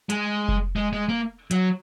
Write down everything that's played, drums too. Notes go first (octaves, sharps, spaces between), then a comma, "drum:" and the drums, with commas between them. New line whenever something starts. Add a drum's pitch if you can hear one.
G#3, drum: hi-hat
drum: kick F1
G#3
G#3
A#3
F#3, drum: hi-hat